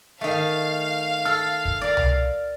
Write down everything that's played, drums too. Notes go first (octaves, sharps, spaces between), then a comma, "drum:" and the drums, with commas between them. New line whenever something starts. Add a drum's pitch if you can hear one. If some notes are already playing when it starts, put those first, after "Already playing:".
D#3 A3 F5
A4 F6
drum: kick
A#4 D5
drum: tom C2